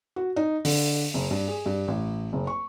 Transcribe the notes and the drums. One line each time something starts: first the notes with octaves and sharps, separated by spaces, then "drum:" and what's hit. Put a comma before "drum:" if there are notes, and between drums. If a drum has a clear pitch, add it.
F#4
D#4
D3, drum: open hi-hat
F#1
G2
G#4
G2
A1
F#1
C#6